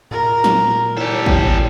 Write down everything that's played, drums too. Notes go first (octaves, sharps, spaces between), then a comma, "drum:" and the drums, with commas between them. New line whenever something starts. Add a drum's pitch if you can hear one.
A#2 A#4
drum: snare
G3 E4 G4 A4 C#5 G5
drum: kick A1